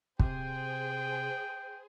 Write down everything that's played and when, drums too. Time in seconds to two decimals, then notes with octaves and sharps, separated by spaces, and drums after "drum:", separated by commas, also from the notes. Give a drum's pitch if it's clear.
0.19 C3 G#4 C5 G5 G#5, drum: kick